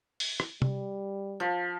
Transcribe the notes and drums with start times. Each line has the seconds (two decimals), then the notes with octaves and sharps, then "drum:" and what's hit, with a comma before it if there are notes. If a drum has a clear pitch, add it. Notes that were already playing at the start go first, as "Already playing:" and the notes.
0.20 drum: open hi-hat
0.40 drum: rim click
0.62 G3, drum: tom C3
1.40 F3